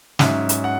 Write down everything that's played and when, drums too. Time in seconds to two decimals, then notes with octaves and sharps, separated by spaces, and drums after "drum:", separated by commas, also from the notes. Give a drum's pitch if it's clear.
0.19 G#2 F#3 C#4 E5, drum: snare
0.49 drum: hi-hat
0.64 F#5